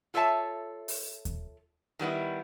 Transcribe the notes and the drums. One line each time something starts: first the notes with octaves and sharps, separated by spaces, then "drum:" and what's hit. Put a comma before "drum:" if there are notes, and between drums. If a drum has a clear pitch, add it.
F4 A4 C#5 E5 A5
drum: open hi-hat
drum: kick D#2, hi-hat
D#3 G3 B3 E4